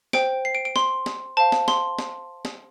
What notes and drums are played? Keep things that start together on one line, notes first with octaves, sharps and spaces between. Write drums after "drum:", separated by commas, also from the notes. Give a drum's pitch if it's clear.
C5 G5 D7, drum: snare
C7
D7
D7
C6, drum: snare
drum: snare
C5 F5 A5
drum: snare
C6, drum: snare
drum: snare
drum: snare